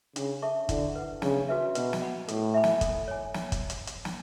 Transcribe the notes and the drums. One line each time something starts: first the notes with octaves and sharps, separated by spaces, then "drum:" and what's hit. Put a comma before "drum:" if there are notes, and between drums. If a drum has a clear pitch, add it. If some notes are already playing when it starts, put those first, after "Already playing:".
C#3 D4, drum: hi-hat
A4 E5 A5 C#6
D3 E4, drum: kick, hi-hat
B4 F#5
C#3 D4, drum: snare
F#4 B4 E5
B2 B4, drum: hi-hat
drum: snare
F#5 B5
A2 A4, drum: hi-hat
E5 G#5 B5
drum: snare
A4, drum: kick, hi-hat
C#5 G#5
drum: snare
drum: kick, hi-hat
drum: hi-hat
drum: hi-hat
drum: snare